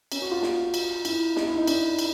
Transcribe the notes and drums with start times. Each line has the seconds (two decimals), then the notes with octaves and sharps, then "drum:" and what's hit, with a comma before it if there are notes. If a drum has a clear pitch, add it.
0.12 C#4, drum: cymbal
0.22 F#4
0.32 F4
0.43 drum: snare
0.74 drum: cymbal
1.05 E4, drum: cymbal
1.36 D#4, drum: snare
1.46 E4
1.57 D#4
1.67 D4, drum: cymbal
1.99 drum: cymbal